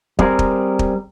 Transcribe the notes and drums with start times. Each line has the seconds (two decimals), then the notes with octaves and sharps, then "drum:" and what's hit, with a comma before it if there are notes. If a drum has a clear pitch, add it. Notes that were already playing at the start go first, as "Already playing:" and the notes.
0.19 G3 C4 G#4 A#4, drum: kick
0.39 drum: kick
0.79 drum: kick